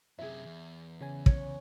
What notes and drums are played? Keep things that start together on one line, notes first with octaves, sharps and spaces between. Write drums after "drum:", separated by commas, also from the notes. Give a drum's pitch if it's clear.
F#2 C3 G#4 E5
E2
C#3 C#4 G#5
C#5, drum: kick